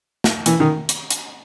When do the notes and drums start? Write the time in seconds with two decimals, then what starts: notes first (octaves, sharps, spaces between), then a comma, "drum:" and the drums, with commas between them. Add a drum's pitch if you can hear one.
0.24 drum: snare
0.46 E3, drum: hi-hat
0.60 D#3
0.89 drum: hi-hat
1.10 drum: hi-hat